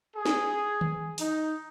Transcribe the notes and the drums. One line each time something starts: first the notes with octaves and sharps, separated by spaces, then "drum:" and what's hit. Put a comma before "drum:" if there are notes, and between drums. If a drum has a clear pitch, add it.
G#4
drum: snare
drum: tom
D#4, drum: open hi-hat